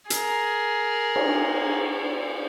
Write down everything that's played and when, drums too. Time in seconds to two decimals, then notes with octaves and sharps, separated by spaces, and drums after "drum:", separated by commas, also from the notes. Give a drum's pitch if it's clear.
0.10 G#4 A#4, drum: hi-hat
1.16 drum: cymbal